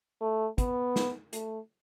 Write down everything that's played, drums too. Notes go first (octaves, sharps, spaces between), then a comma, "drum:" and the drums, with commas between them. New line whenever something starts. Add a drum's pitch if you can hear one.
A3
B3, drum: kick, hi-hat
drum: snare
A3, drum: hi-hat